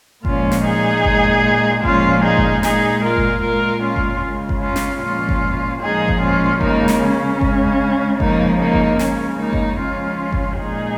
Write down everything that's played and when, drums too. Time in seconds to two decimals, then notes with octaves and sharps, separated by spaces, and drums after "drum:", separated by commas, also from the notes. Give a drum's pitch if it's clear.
0.25 A#2 F3 G#3 C#4 F4, drum: kick G1
0.52 drum: snare
0.65 D#4 G#4
1.04 A#2 G#3, drum: kick G1
1.84 A#2 F3 G#3 C#4 F4, drum: kick G1
2.23 D#4 G#4
2.37 drum: kick G1
2.63 A#2 G#3 D#4 G#4, drum: snare
3.03 F4 A#4
3.17 drum: kick G1
3.43 A#2 G#3 F4 A#4
3.83 C#4 F4
3.96 drum: kick G1
4.23 C#3 G#3
4.49 drum: kick G1
4.62 C#4 F4
4.76 drum: snare
5.02 A#2 F3 G#3 C#4 F4
5.29 drum: kick G1
5.81 A#2 F3 G#3 D#4 G#4
6.08 drum: kick G1
6.22 C#4 F4
6.61 C#3 G#3 A#3 D#4, drum: kick G1
6.88 drum: snare
7.01 C#4
7.41 C#3 G#3, drum: kick G1
8.20 C#3 F3 G#3 A#3 D#4, drum: kick G1
8.60 A#3 D#4
8.73 drum: kick G1
8.99 C#3 G#3 C#4, drum: snare
9.40 A#3 D#4
9.53 drum: kick G1
9.79 C#3 F3 G#3 C#4 F4
10.33 drum: kick G1
10.60 A#2 G#3 D#4 G#4